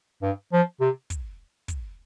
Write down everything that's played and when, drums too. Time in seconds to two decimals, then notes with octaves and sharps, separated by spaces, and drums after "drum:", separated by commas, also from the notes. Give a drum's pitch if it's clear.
0.22 G2
0.53 F3
0.81 C3
1.10 drum: kick, hi-hat
1.68 drum: kick, hi-hat